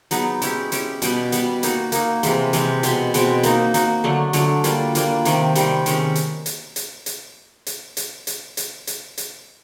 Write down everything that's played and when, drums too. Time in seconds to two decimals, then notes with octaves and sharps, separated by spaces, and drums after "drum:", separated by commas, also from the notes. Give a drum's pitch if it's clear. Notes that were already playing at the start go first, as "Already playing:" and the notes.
0.11 F#3 B3 D#4 G#4, drum: hi-hat
0.42 G#3 C#4 E4 G4, drum: hi-hat
0.72 G#3 C#4 E4 G4, drum: hi-hat
1.02 B2 G3 B3, drum: hi-hat
1.32 B2 G3 B3, drum: hi-hat
1.63 A#3 D#4 F#4, drum: hi-hat
1.92 A#3 D#4 F#4, drum: hi-hat
2.23 C3 E3 G#3, drum: hi-hat
2.53 C3 E3 G#3, drum: hi-hat
2.83 B2 G#3 C4, drum: hi-hat
3.14 B2 G#3 C4, drum: hi-hat
3.43 A#3 D#4 F#4, drum: hi-hat
3.74 A#3 D#4 F#4, drum: hi-hat
4.04 D3 F#3 A3 D4
4.33 D3 F#3 A3 D4, drum: hi-hat
4.64 G3 A#3 D4 F4, drum: hi-hat
4.95 G3 A#3 D4 F4, drum: hi-hat
5.25 C3 D#3 G3 C4, drum: hi-hat
5.55 C3 D#3 G3 C4, drum: hi-hat
5.86 C3 D#3 G#3 C#4, drum: hi-hat
6.15 drum: hi-hat
6.46 drum: hi-hat
6.76 drum: hi-hat
7.06 drum: hi-hat
7.67 drum: hi-hat
7.97 drum: hi-hat
8.27 drum: hi-hat
8.57 drum: hi-hat
8.87 drum: hi-hat
9.18 drum: hi-hat